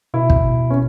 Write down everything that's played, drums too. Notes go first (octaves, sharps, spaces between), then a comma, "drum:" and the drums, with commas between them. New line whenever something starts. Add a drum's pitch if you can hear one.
B2 E4
drum: kick
C#4